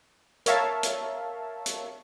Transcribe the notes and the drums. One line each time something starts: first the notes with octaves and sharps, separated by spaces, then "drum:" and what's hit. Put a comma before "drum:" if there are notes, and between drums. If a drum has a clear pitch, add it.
A#4 C#5 E5 F5 A5, drum: hi-hat
drum: hi-hat
drum: hi-hat